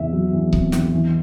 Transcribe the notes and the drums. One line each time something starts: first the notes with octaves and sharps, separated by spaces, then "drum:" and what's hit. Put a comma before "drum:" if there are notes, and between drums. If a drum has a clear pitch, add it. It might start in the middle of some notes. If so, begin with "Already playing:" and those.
Already playing: E2 C3 E5
F#3
E2
C3, drum: kick C#1
E2, drum: snare
E3